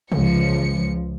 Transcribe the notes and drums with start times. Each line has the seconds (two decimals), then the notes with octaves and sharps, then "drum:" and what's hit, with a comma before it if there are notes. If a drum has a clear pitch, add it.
0.12 C#2 F3 C#7, drum: tom C3